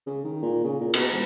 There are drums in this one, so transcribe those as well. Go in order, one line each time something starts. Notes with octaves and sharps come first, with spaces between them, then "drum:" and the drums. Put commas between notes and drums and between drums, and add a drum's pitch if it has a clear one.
C#3
D#3
A#2
C#3
A#2
B2, drum: cymbal
E1